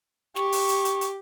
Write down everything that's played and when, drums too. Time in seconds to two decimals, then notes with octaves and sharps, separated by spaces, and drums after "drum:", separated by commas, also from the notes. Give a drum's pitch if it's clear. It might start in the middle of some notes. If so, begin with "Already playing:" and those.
0.36 G4 C#6, drum: snare
0.52 drum: open hi-hat
0.69 drum: hi-hat
0.85 drum: hi-hat
1.01 drum: hi-hat